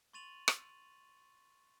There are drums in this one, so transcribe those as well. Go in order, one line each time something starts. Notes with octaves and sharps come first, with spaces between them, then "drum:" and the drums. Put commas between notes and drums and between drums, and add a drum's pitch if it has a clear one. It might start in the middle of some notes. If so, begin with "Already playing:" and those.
C6 C#6 A6 D#7 F7 F#7
drum: rim click